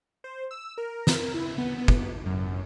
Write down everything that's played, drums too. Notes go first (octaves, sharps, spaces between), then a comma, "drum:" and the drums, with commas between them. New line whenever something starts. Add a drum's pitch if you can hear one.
C5
E6
A#4
drum: snare
E4
B3
B3
drum: kick
F#2